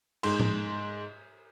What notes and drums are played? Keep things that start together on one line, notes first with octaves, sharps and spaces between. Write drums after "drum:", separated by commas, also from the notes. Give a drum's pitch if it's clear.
G#2 C6, drum: cymbal
drum: tom A2